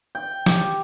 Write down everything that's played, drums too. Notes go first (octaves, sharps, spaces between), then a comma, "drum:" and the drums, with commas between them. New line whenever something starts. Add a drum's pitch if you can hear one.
G5
G4, drum: snare